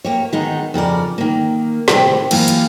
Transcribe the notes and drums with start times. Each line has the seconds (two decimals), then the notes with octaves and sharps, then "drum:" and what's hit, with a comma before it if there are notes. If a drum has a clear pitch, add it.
0.05 A#3 G4 C#5
0.33 D#3 G#3 B3 D#4
0.74 F2 C#3 A#4 D5
1.18 D#3 A#3
1.88 A2 C3 D#3 G3 C4 G4, drum: snare
2.31 F#2 E3 A#3 G4 F5, drum: cymbal
2.48 drum: hi-hat